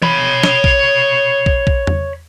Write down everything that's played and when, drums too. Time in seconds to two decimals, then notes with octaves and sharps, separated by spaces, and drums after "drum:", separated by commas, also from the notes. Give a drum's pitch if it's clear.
0.02 C#5 B5, drum: tom E3
0.43 drum: snare
0.64 drum: kick
1.46 drum: kick
1.67 drum: kick
1.87 drum: tom E2